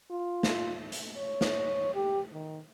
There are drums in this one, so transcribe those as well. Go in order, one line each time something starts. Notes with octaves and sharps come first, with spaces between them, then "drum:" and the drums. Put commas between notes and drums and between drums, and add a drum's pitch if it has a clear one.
F4
drum: snare
drum: hi-hat
C#5
drum: snare
G4
D#3